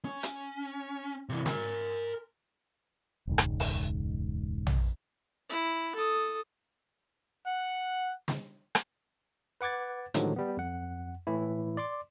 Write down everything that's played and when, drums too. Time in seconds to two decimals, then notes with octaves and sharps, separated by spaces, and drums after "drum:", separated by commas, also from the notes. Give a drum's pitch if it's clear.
0.05 C#4
0.23 drum: hi-hat
1.29 C3 E3
1.46 A#4 G#5, drum: snare
3.27 E1 C#2 G#2
3.38 drum: rim click
3.60 drum: open hi-hat
4.67 drum: tom
5.49 E4
5.96 A4 D#6
7.47 F#5
8.28 drum: snare
8.75 drum: rim click
9.61 B4 F#5 D6 G#6 A6
10.14 A2 D3 D#3 F3 F#3 G#3, drum: hi-hat
10.36 G3 B3
10.57 F2 F#5
11.27 A2 E3 E4
11.77 D5 C6 D6